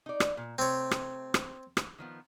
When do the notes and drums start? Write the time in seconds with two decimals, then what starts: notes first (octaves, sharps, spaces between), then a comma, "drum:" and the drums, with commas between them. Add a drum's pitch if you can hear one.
0.06 D#4 D5
0.20 drum: rim click
0.37 A#2
0.58 C3 A3 C4 C#5
0.91 drum: rim click
1.34 drum: rim click
1.77 drum: rim click
1.99 D#3 F3 B3